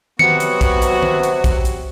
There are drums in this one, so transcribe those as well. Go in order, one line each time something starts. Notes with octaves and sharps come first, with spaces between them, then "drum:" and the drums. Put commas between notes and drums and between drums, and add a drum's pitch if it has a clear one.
C3 F#3 B3 F#4 C#7, drum: tom D#3
drum: hi-hat
drum: kick A#1, hi-hat
drum: hi-hat
drum: tom D#3
drum: hi-hat
drum: kick A#1, hi-hat
drum: hi-hat